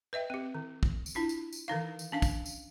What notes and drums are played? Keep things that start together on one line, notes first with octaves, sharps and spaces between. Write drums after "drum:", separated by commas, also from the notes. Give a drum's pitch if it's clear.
B4 D#5 E5 G5
C4 G4
D#3
drum: kick
drum: tambourine
D4 E4 F4
drum: tambourine
drum: tambourine
D#3 E3 D#4 F5
drum: tambourine
C#4 D4 F5
drum: kick, tambourine
drum: tambourine